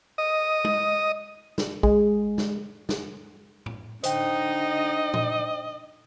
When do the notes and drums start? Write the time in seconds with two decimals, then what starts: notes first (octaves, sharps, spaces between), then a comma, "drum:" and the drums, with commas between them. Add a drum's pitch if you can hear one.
0.18 D#5
0.64 drum: tom G#3
1.58 drum: snare
1.83 G#3 G#4, drum: kick
2.38 drum: snare
2.89 drum: snare
3.66 drum: tom A2
4.03 D3 D#4 C5 D#5 G5, drum: hi-hat
5.14 drum: tom A#2